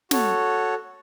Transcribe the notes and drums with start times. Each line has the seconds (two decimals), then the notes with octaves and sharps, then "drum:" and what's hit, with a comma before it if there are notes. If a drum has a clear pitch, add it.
0.11 F#4 A4 C#5, drum: snare